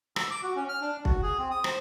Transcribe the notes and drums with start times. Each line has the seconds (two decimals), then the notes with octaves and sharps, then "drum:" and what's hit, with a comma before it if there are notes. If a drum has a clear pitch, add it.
0.16 E6, drum: rim click
0.31 D6
0.43 F#4
0.56 C#4
0.69 F6
0.81 D4
1.05 F#4, drum: kick B1
1.23 G#4
1.39 C4
1.51 D#6
1.64 C5, drum: rim click